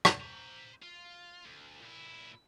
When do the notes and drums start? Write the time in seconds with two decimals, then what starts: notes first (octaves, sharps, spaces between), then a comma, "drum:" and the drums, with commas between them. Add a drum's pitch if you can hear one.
0.05 drum: rim click
0.20 C5 A#5
0.82 F4
1.45 D2
1.82 A#2 E4